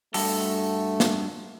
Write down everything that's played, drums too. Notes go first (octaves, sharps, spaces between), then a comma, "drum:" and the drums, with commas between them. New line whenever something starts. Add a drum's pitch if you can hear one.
G2 A3 F#4 A4, drum: open hi-hat
drum: snare